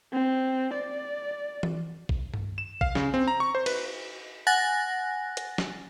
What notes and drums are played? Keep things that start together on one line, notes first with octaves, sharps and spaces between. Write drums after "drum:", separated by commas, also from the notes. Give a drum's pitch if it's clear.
C4
D5
drum: tom E3
drum: kick
drum: tom G2
E7
F5, drum: kick
C#3, drum: snare
C4
A#5
C#6
C5
B4, drum: cymbal
F#5 G#5 F#6 A6 A#6
drum: hi-hat
drum: snare